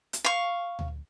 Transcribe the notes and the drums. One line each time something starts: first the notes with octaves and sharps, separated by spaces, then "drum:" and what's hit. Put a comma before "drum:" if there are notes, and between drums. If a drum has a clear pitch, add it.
drum: hi-hat
F5 C#6
drum: tom D2